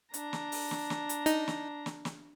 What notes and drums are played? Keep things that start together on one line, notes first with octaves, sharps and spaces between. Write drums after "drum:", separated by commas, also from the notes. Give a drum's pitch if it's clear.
D4 A#5, drum: hi-hat
drum: snare
drum: open hi-hat
drum: snare
drum: snare
drum: hi-hat
D#4, drum: hi-hat
drum: snare
drum: snare
drum: snare